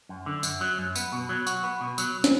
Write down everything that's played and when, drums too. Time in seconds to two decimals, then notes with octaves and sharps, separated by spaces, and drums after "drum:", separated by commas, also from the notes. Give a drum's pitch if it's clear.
0.09 F#2
0.26 D3
0.43 F#2, drum: tambourine
0.61 F#3
0.79 F#2
0.96 B3, drum: tambourine
1.12 B2
1.29 F#3
1.47 F#4, drum: tambourine
1.63 B3
1.81 B2
1.98 F#3, drum: tambourine
2.24 drum: snare